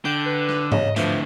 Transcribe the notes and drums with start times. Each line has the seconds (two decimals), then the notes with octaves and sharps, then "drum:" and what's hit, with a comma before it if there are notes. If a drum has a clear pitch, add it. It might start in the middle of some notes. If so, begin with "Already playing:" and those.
0.05 D3 G5
0.26 B4
0.49 drum: rim click
0.72 C#3 D#5, drum: tom G#2
0.96 A2 D3 E3 F3, drum: hi-hat